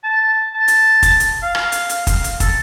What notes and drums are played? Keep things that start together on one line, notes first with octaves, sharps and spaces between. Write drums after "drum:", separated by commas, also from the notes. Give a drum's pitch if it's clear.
A5
A5
drum: hi-hat
drum: kick, hi-hat
drum: hi-hat
F5
drum: rim click
drum: hi-hat
F5, drum: hi-hat
drum: kick, hi-hat
drum: hi-hat
A4, drum: kick, hi-hat